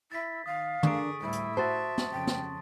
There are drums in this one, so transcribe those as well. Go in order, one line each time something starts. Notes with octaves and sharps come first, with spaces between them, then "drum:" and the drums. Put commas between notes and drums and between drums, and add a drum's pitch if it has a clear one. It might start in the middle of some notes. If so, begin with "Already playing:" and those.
E4 A6 B6
D#3 F5 D#6
D3 D4 G#4 A#4 C#6 D#6 D7, drum: tom
D2 A2 G3 E4
drum: hi-hat
F#4 C5 E5 A5 C6 A6
drum: snare
F2 C#3 G5
drum: snare